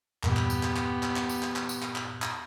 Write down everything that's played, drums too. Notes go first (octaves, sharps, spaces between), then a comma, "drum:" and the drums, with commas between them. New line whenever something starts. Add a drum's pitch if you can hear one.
E2 G2 A#2 B3 G4, drum: clap
drum: clap
drum: tambourine
drum: clap
drum: clap
drum: clap
drum: clap
drum: tambourine
drum: clap
drum: clap
drum: tambourine
drum: clap
drum: clap
drum: clap